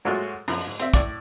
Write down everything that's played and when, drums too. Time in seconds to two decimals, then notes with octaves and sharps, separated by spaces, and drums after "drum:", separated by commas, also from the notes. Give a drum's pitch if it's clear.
0.05 G#2 F#3 G#3 A3 F4 F#4
0.48 F#2 F3, drum: open hi-hat
0.67 G#2
0.80 C4 E5, drum: hi-hat
0.94 A2 D5, drum: kick, hi-hat